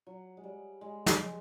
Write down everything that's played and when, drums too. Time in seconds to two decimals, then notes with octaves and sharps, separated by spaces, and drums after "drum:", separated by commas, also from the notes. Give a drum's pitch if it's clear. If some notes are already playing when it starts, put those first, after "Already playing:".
0.07 F#3
0.37 G#3
0.43 G3
0.81 G#3
1.06 drum: snare
1.19 G#3